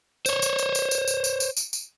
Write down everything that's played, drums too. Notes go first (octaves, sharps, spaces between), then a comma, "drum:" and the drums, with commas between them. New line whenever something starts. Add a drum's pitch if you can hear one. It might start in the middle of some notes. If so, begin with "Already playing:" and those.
C5 C#5, drum: tambourine
drum: tambourine
drum: tambourine
drum: tambourine
drum: tambourine
drum: tambourine
drum: tambourine
drum: tambourine
drum: tambourine
drum: tambourine